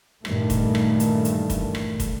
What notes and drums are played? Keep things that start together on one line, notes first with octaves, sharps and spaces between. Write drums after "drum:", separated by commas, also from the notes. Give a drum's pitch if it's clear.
G2 A#2 D#3 E3 A3, drum: rim click
drum: kick, hi-hat
drum: rim click
drum: hi-hat
drum: hi-hat
drum: kick, hi-hat
drum: rim click
drum: kick, hi-hat